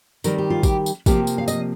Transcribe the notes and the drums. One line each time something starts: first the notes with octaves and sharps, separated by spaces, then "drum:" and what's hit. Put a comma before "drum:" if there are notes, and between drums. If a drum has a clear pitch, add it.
D#3 G3 C4 A#4, drum: tambourine
G4
F4
G4, drum: kick, tambourine
drum: tambourine
C3 F3 A#3 G4, drum: kick, tambourine
drum: tambourine
F5
D#5, drum: tambourine